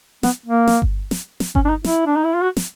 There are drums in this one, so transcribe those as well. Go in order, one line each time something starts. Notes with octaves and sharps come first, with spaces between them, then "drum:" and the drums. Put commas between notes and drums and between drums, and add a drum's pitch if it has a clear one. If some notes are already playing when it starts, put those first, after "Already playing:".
B3, drum: snare
A#3
drum: snare
drum: kick G1
drum: snare
drum: snare
C#4, drum: kick G1
D4
D#4
E4, drum: snare
D4
D#4
E4
F4
F#4
drum: snare